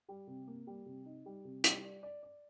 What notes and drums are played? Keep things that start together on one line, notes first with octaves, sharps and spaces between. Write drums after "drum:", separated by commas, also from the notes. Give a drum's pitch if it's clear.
G3
C3
A#3
G3
C3
D#4
G3
C3
G3, drum: hi-hat
D5
D5
D5